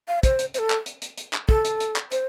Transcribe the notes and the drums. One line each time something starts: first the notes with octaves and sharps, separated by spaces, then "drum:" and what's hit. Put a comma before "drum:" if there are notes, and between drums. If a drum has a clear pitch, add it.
F5
C5, drum: kick, hi-hat
drum: hi-hat
C5, drum: hi-hat
A4
drum: clap
drum: hi-hat
drum: hi-hat
drum: hi-hat
drum: clap
A4, drum: kick
drum: hi-hat
drum: hi-hat
drum: clap
C5, drum: hi-hat